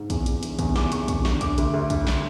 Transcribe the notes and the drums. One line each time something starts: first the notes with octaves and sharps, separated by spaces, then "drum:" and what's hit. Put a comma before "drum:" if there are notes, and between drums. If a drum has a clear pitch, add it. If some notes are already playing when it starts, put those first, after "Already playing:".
Already playing: G#2
E2, drum: kick, hi-hat
E2, drum: hi-hat
D3, drum: hi-hat
E2, drum: kick, hi-hat
E2 D6, drum: snare
E2 C#6, drum: hi-hat
E2 C#6, drum: kick, hi-hat
D3 C#6, drum: snare
D3 D6, drum: kick, hi-hat
D2, drum: hi-hat
D2
D3, drum: kick, hi-hat
D3, drum: snare